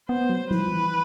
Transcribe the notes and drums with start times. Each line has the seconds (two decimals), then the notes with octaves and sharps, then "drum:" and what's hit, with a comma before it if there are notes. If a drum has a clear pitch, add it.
0.09 B3 C5
0.29 F#3
0.51 F3 B4, drum: tom G3
0.72 E3